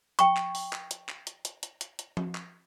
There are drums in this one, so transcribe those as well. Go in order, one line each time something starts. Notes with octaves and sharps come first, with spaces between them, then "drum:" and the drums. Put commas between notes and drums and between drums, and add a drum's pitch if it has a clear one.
G5 C#6, drum: hi-hat
drum: clap
drum: open hi-hat
drum: clap
drum: hi-hat
drum: clap
drum: hi-hat
drum: hi-hat
drum: hi-hat
drum: hi-hat
drum: hi-hat
drum: tom F3
drum: clap